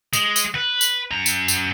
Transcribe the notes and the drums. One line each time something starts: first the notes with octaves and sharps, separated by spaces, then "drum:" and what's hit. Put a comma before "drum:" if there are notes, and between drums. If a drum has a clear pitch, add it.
G#3, drum: tambourine
drum: tambourine
B4
drum: tambourine
F#2 A#5
drum: tambourine
drum: tambourine